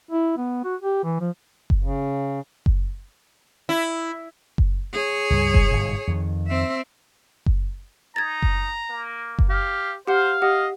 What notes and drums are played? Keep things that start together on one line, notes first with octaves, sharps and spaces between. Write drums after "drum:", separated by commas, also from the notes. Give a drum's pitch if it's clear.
E4
B3
F#4
G4
E3
F3
drum: kick F#1
C#3
drum: kick F#1
E4
drum: kick F#1
G#4 C#5
C#2 G2 G3
drum: kick F#1
G1 G#2 B2
F2 D#3
C4 E5
drum: kick F#1
D#4 A#5 G#6 A6
drum: kick F#1
A#3
drum: kick F#1
G4 F5
G4 C5 F5 F#5
G4 D#5 F#5